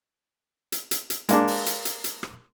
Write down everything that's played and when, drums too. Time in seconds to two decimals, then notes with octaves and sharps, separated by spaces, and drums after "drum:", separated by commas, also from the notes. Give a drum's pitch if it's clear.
0.72 drum: hi-hat
0.91 drum: hi-hat
1.10 drum: hi-hat
1.29 G#3 A#3 D4, drum: hi-hat
1.48 drum: open hi-hat
1.66 drum: hi-hat
1.85 drum: hi-hat
2.04 drum: hi-hat
2.23 drum: rim click